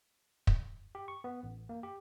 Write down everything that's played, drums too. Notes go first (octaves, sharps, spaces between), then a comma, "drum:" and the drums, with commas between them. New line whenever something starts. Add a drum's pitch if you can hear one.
drum: kick
G4
C#6
B3
A1
A#3
G4